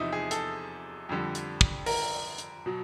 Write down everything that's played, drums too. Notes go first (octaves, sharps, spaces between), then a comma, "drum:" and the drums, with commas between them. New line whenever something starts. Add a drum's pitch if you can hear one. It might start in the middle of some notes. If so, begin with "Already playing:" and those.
Already playing: E2 C3 F3 D#4 E4
G#4
A4, drum: hi-hat
F2 D3 G3
drum: hi-hat
drum: kick
A#4, drum: open hi-hat
drum: hi-hat
B2 F#3